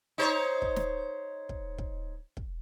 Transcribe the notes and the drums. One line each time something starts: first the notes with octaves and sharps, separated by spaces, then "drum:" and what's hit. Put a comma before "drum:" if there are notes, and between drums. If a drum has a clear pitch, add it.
D#4 C5 C#5
drum: kick
drum: snare
drum: kick
drum: kick
drum: kick